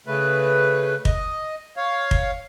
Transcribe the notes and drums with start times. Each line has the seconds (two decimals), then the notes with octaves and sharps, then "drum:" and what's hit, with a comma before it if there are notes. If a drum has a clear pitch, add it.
0.07 C#3 A3 B4
1.05 D#5, drum: kick
1.77 C#5 F5
2.11 drum: kick